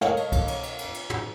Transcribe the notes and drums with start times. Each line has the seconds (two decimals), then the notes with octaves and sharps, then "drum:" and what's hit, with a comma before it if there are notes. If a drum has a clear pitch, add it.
0.01 A4 A#4 C#5 D#5 F5, drum: snare
0.17 drum: cymbal
0.32 drum: kick C2, cymbal
0.48 drum: cymbal
0.63 drum: cymbal
0.79 drum: cymbal
0.94 drum: cymbal
1.10 drum: tom